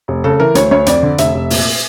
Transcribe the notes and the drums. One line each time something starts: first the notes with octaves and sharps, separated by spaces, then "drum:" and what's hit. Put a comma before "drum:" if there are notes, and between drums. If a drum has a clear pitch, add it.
F1
C#3 A4
E3 A#4
D2 C#5, drum: hi-hat
D2 C#5
F2 D5, drum: hi-hat
D3
F1 E5, drum: hi-hat
F1
A#2, drum: open hi-hat